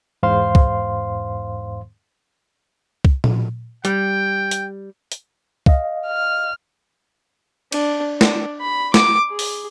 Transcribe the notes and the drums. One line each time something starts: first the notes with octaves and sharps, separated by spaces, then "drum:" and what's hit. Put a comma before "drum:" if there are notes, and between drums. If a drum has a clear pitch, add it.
E2 G#2 C5 F5 C6
drum: kick
drum: kick
drum: tom A#2
G3 G5, drum: hi-hat
drum: hi-hat
drum: hi-hat
D#5 F5, drum: kick
F6
D4, drum: cymbal
D4, drum: snare
B5
D6, drum: snare
G#4
drum: open hi-hat